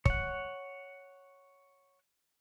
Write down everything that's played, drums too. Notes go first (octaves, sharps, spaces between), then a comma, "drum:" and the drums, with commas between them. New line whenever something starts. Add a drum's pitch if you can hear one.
C#5 F#5, drum: kick